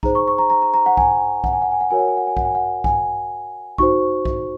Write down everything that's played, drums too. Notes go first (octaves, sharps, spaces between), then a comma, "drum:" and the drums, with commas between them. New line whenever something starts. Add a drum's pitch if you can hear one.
D#4 G#4 C5 A#5, drum: kick B1
C#6
C#6
A#5
A#5
A#5
A#5
F#5
G#5, drum: kick B1
F#5, drum: kick B1
G#5
F#5
G#5
F#5
F#4 A#4 C#5 G#5
F#5
G#5
F#5
G#5
F#5, drum: kick B1
G#5
F#5
G#5, drum: kick B1
D#4 F#4 C5 C#6, drum: kick B1
drum: kick B1